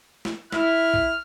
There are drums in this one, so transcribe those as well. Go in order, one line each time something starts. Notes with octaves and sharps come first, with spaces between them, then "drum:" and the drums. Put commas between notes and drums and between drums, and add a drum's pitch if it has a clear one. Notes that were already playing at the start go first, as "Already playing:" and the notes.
drum: snare
E4 F6, drum: snare
drum: kick A#1